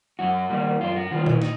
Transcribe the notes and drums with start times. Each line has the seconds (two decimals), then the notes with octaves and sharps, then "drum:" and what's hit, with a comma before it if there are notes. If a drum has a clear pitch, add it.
0.19 F#2 F#4
0.50 D#3 G3 A#3
0.81 F#2 F4
0.96 F#4
1.11 D#3 G3 A#3 F4
1.26 E4, drum: tom A#2
1.42 D#4, drum: snare